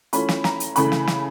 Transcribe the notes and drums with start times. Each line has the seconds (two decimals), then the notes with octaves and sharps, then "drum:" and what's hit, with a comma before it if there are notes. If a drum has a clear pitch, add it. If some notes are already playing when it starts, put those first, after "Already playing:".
0.13 E3 A3 C#4 F4 B5, drum: hi-hat
0.29 drum: snare
0.44 A#5, drum: snare
0.60 drum: hi-hat
0.76 C#3 E3 A3 B5, drum: hi-hat
0.92 drum: snare
1.07 drum: snare